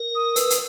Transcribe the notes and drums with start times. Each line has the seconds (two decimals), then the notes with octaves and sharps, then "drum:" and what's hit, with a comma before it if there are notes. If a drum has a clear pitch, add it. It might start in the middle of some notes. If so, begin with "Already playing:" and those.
Already playing: A#4
0.15 D#6
0.36 B4 E6, drum: hi-hat
0.50 drum: hi-hat